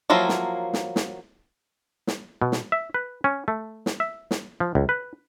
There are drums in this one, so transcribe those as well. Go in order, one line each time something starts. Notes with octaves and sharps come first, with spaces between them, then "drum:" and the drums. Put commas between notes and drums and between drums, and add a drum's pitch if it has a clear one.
F3 F#3 A#3 E4 F4
drum: snare
drum: snare
drum: snare
drum: snare
B2
drum: snare
E5
B4
C#4
A3
drum: snare
E5
drum: snare
F3
C#2
B4